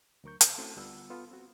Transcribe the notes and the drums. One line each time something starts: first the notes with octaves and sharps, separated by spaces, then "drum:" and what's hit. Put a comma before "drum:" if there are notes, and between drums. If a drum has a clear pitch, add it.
D2 F#3 A#4 C#6 G6
C5 G6, drum: hi-hat
A3 C4 C#4 E4 F#4 A4
D2 G3 B3 F4 F#5 E6
B3 F4 A4
C4 F#4